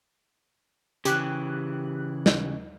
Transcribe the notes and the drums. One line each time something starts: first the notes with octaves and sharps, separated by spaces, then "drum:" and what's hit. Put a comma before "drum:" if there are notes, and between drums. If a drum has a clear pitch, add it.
C#3 E3 G4 F#6, drum: hi-hat
drum: snare